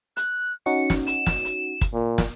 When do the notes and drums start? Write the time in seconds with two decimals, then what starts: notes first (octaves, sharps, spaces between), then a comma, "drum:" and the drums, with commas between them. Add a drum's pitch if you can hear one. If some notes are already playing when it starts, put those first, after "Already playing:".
0.17 F#6, drum: hi-hat
0.66 C#4 D#4 F#4 C#7
0.90 drum: snare
1.07 E7, drum: hi-hat
1.26 drum: snare
1.45 drum: hi-hat
1.81 drum: kick, hi-hat
1.93 A#2
2.18 drum: snare